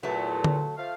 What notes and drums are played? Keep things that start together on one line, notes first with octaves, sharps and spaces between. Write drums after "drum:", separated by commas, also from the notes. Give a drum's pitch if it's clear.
E2 A#2 F#3 A3
drum: tom D3
F3 A3 F5